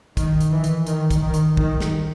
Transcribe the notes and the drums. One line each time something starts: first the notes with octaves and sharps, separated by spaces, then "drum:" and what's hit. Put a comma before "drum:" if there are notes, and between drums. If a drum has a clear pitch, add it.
D#3, drum: kick, hi-hat
drum: hi-hat
E3
drum: hi-hat
D#3, drum: hi-hat
drum: kick, hi-hat
D#3
drum: hi-hat
D#3, drum: kick
drum: snare